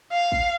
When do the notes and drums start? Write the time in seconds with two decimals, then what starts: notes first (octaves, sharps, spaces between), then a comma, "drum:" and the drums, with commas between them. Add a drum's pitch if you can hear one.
0.12 F5
0.32 drum: kick